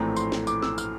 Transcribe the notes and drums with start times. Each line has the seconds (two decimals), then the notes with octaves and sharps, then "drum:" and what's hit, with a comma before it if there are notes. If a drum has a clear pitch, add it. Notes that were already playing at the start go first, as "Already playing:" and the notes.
Already playing: A#1 A2 E3 A3 C4 A#5
0.16 C6, drum: tambourine
0.32 drum: snare
0.47 D6, drum: tambourine
0.62 E6, drum: snare
0.78 F6, drum: tambourine